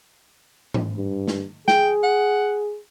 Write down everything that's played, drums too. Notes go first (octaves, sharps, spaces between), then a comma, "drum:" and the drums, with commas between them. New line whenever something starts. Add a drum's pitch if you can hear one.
drum: tom
G2
drum: snare
G#4 G5, drum: snare
F#5